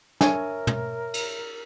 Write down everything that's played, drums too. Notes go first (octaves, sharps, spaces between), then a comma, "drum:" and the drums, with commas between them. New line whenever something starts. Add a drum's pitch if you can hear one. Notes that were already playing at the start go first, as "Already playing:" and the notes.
D4 A#4 C#5 E5 G#5, drum: snare
drum: tom
drum: cymbal